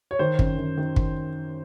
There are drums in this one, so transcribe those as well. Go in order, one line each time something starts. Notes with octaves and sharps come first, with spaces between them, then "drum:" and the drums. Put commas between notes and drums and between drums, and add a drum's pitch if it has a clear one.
C#5
D#3 C5
F#2, drum: kick
D#3
D#3
drum: kick